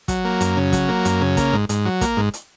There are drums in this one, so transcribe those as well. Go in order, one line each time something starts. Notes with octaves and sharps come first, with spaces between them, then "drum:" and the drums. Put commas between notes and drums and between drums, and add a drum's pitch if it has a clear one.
F#3, drum: kick, hi-hat
A#3
F#2, drum: hi-hat
C#3
F#3, drum: kick, hi-hat
A#3
F#2, drum: hi-hat
C#3
A#3, drum: kick, hi-hat
G#2
G#2, drum: hi-hat
F#3
A#3, drum: kick, hi-hat
G#2
drum: hi-hat